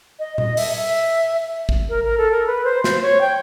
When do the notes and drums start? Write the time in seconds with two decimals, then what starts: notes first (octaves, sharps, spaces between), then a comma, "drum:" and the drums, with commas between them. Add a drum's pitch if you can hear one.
0.19 D#5
0.38 D#5, drum: tom A#2
0.57 E5, drum: open hi-hat
0.77 E5
1.69 drum: kick A1
1.89 A#4
2.04 A#4
2.18 A4
2.32 A#4
2.47 B4
2.64 C5
2.84 C5, drum: snare
3.02 C#5
3.21 G5